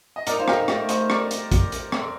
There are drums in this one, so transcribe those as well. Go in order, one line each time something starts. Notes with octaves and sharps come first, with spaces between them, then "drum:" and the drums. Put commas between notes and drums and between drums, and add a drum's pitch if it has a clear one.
D#5
D#4 A#4 D5, drum: hi-hat
F4 C5
G4 A#4, drum: rim click
D#4
A3 D#4 G4, drum: rim click
C5 D#5, drum: hi-hat
A#4 D5, drum: rim click
drum: hi-hat
drum: kick A#1, hi-hat
drum: hi-hat
C4, drum: rim click